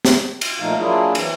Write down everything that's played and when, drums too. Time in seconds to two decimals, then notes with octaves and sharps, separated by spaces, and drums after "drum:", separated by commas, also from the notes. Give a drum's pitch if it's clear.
0.05 drum: snare
0.41 drum: cymbal
0.60 A#2 F3 A3 D#4 F5
0.79 F#3 A#3 D4 E4 F4 G#4
1.15 E3 F#3 C4, drum: cymbal